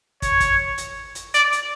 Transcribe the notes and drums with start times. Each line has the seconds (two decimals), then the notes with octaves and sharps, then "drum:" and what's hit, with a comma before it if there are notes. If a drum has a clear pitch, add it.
0.22 C#5, drum: kick, hi-hat
0.40 drum: kick, hi-hat
0.78 drum: hi-hat
1.15 drum: hi-hat
1.34 D5, drum: hi-hat
1.53 drum: hi-hat